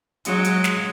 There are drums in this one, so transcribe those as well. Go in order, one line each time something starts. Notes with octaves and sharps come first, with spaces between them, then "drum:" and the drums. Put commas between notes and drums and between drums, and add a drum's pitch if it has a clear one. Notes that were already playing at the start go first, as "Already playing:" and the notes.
F#3 G#3, drum: hi-hat
drum: hi-hat
drum: snare